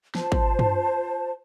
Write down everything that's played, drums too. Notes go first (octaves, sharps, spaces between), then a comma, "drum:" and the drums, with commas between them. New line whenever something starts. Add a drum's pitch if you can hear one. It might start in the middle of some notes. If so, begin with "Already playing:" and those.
F4 C5 A5, drum: snare
drum: kick G#1
drum: tom